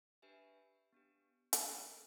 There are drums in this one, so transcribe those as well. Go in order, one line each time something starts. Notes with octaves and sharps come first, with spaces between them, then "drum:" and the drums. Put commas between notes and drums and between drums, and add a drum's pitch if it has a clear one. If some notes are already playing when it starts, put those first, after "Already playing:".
D4 G4 B4 E5 G#5
B3 D4 G4
drum: hi-hat
B3 D#4 G4 A#4